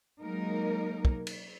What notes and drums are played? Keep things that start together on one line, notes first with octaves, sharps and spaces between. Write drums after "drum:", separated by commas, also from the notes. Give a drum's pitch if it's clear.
F#3 G#3 A#3 D#4 A#4
drum: kick
drum: cymbal